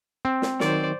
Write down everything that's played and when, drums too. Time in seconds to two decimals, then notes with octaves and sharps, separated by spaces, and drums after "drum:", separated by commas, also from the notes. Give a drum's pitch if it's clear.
0.25 C4
0.42 drum: snare
0.60 D#3 F#3 C5 D5 C#6, drum: snare